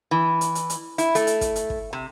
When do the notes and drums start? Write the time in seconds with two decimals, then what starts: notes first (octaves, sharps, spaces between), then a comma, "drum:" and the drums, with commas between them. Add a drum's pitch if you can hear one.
0.11 E3
0.41 drum: hi-hat
0.55 drum: hi-hat
0.70 drum: hi-hat
0.98 E4, drum: hi-hat
1.15 A3, drum: hi-hat
1.27 drum: hi-hat
1.41 drum: kick, hi-hat
1.56 drum: hi-hat
1.70 drum: kick
1.93 C3